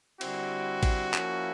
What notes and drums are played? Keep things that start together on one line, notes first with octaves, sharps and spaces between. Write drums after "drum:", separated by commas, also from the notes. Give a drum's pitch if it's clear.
D3 G3 C4 E4 F#4, drum: cymbal
drum: kick, cymbal
F3 A#3 C#4 E4, drum: clap